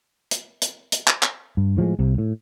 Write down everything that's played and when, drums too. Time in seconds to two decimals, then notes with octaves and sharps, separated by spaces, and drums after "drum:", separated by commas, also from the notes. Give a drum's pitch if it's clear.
0.31 drum: hi-hat
0.62 drum: hi-hat
0.92 drum: hi-hat
1.07 drum: clap
1.23 drum: clap
1.57 G2
1.77 A2 F3 F#3 G#3
1.99 C2 C3
2.18 A2